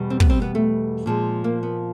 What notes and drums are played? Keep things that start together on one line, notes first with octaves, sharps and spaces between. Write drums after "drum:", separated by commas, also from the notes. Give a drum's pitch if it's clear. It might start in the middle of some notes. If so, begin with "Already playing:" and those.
Already playing: E2 B2 G3
C4
B3, drum: kick
C4
B3
A3
A#2 F3 G#3
A#3
B3